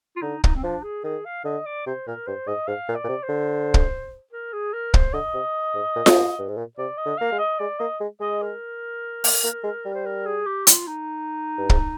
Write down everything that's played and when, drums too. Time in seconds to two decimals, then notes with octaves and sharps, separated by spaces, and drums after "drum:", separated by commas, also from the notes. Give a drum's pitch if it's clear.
0.16 F4
0.22 D3 D#4
0.44 D#4, drum: kick
0.56 C4
0.63 F3 D4
0.83 G#4
1.04 D#3 G#4
1.25 F5
1.45 D3 D#5
1.66 D5
1.86 C3 C5
2.07 A#2 A#4
2.27 G2 C5
2.47 G#2 D#5
2.68 G#2 F5
2.89 A#2
2.95 D5
3.04 A#2
3.09 C3
3.23 C5
3.29 D3
3.74 drum: kick
4.33 A#4
4.53 G#4
4.73 A#4
4.94 C5, drum: kick
5.13 D3 D#5
5.34 C3
5.75 G#2
5.96 A#2
6.06 drum: snare F4
6.17 G2
6.39 G2
6.48 G#2
6.57 A#2
6.77 C3 D5
6.98 D#5
7.06 D3
7.18 A#3 F5
7.32 G#3
7.39 D#5
7.59 G#3 D5
7.80 A#3 D#5
8.01 G#3
8.20 G#3 D#5
8.42 A#4
9.24 A#3, drum: open hi-hat
9.44 A#3
9.64 G#3
9.85 G3
9.94 C5
10.06 A#4
10.26 G#4
10.46 G4
10.67 F4, drum: hi-hat
10.87 D#4
11.58 G2
11.70 G#2, drum: kick